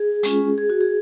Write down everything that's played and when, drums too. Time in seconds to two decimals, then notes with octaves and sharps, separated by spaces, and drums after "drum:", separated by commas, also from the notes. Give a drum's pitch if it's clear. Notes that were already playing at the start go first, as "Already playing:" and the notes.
Already playing: G#4
0.23 G#3 C#4 F4, drum: hi-hat
0.58 G#4
0.70 F#4
0.81 G#4